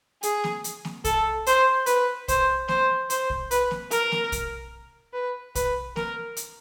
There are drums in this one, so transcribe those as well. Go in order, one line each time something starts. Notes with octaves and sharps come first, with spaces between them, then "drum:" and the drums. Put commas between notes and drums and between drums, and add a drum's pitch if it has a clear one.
G#4, drum: hi-hat
drum: snare A#3
drum: hi-hat
drum: snare A#3
A4, drum: kick, hi-hat
C5, drum: hi-hat
B4, drum: hi-hat
C5, drum: kick, hi-hat
C5, drum: snare A#3
C5, drum: hi-hat
drum: kick
B4, drum: hi-hat
drum: snare A#3
A#4, drum: hi-hat
drum: snare A#3
drum: kick, hi-hat
B4
B4, drum: kick, hi-hat
A#4, drum: snare A#3
drum: hi-hat